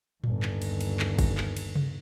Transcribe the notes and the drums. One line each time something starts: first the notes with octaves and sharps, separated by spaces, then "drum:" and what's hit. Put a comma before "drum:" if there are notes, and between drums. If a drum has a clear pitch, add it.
G1 D#2, drum: tom A2
drum: clap
drum: cymbal
drum: cymbal
drum: clap
drum: kick, cymbal
drum: clap
drum: cymbal
drum: tom C3